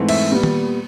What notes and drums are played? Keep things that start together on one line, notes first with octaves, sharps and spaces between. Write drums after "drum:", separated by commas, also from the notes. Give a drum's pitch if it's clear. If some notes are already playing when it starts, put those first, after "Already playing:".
Already playing: G#2 E3 A3 C4
E5, drum: cymbal
A#2 G3 B3
drum: tom D#3